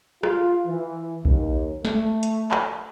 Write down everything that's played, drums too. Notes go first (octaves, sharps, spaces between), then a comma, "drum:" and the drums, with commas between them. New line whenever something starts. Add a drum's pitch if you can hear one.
F4, drum: rim click
E3
D#2, drum: kick B1
A3, drum: snare
drum: hi-hat
drum: clap